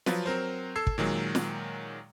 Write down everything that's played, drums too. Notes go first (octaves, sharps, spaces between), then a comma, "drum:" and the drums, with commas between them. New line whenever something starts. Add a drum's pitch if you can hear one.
F3 F#3 F4 B4, drum: snare
F#3 C4 A#4 C5
A4 E6 G#6 C7
drum: kick
A#2 D#3 F#3 G#3
drum: snare